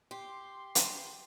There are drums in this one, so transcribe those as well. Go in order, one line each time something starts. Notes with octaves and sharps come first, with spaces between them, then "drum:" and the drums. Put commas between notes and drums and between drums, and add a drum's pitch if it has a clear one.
G4 C6
drum: hi-hat